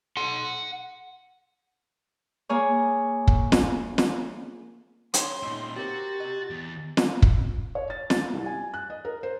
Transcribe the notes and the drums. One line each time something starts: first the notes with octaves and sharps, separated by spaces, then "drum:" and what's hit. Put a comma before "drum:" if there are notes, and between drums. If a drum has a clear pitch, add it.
F#5 C6
A#3 G#4 C#5
drum: kick
drum: snare
drum: snare
C#4 C6, drum: hi-hat
A#2 G#3 B3 D#4 E5
C4 F#4 G4 A#4 C5 A6
C3 D#5
E2
drum: snare
drum: kick
C#5
A6
A6, drum: snare
C2
G#5
F#6
D#5
A#4
C5